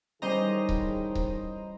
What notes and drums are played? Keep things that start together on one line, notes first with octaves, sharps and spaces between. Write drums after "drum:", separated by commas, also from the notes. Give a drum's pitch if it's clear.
D#3 E3 G3 C#4 G#4 C5 D#5 A#5
drum: kick C#1
drum: kick C#1